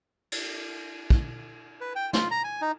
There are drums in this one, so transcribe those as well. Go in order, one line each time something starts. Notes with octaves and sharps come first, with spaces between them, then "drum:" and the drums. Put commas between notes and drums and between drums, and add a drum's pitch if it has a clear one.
drum: cymbal
drum: kick
B4
G5
F4, drum: snare
A#5
G#5
D#4